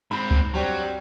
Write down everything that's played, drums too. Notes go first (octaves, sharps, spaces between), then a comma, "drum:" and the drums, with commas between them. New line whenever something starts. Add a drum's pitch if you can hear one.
G#2 C4 B5
drum: kick C#2
G2 F#3 G3 C4